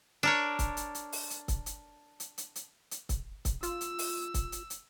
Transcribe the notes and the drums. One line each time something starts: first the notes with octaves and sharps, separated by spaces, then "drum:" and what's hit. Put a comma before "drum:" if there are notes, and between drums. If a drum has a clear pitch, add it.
D4 A#4 C#5
drum: kick, hi-hat
drum: hi-hat
drum: hi-hat
drum: open hi-hat
drum: hi-hat
drum: kick, hi-hat
drum: hi-hat
drum: hi-hat
drum: hi-hat
drum: hi-hat
drum: hi-hat
drum: kick, hi-hat
drum: kick, hi-hat
F4 E6, drum: hi-hat
drum: hi-hat
drum: open hi-hat
drum: kick, hi-hat
drum: hi-hat
drum: hi-hat